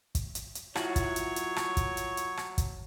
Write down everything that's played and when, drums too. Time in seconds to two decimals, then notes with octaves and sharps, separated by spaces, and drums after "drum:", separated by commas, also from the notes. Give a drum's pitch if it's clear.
0.15 drum: kick, hi-hat
0.35 drum: hi-hat
0.55 drum: hi-hat
0.75 F#3 E4 F4 C#5 F#5, drum: rim click
0.96 drum: kick, hi-hat
1.16 drum: hi-hat
1.36 drum: hi-hat
1.56 drum: rim click
1.77 drum: kick, hi-hat
1.97 drum: hi-hat
2.17 drum: hi-hat
2.37 drum: rim click
2.58 drum: kick, hi-hat